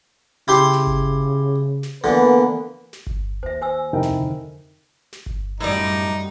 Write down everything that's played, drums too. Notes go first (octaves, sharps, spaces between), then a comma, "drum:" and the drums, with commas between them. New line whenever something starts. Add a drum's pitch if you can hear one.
C#3 E4 G4 C6
drum: snare
drum: kick G1
drum: snare
D3 E3 A#3 B3 B4
drum: snare
drum: kick G1
D#2 C5 E5
C5 G#5 E6
F2 C3 D#4 E4 A#4 G5
drum: snare
D3
drum: snare
drum: kick G1
F#2 A2 G3 D#4 D5